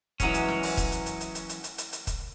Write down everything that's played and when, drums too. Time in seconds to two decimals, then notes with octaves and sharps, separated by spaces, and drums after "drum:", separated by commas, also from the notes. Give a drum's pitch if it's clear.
0.20 E3 F#3 G#3 C#4, drum: kick, hi-hat
0.34 drum: hi-hat
0.49 drum: snare
0.63 drum: open hi-hat
0.77 drum: kick, hi-hat
0.92 drum: hi-hat
1.06 drum: hi-hat
1.21 drum: hi-hat
1.35 drum: hi-hat
1.49 drum: hi-hat
1.64 drum: hi-hat
1.78 drum: hi-hat
1.93 drum: hi-hat
2.07 drum: kick, hi-hat